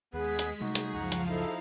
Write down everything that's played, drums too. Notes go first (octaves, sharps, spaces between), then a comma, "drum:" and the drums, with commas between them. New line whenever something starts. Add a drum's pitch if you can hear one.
D#2 G#3 B3 G#4 B4 B6
drum: hi-hat
C3 G3 A3 D#4 F#4 G#4
drum: hi-hat
C#2 F#2 C#3 F3 F5 F#5 A#5 C#6
drum: hi-hat
D#4 E4 A4 A#5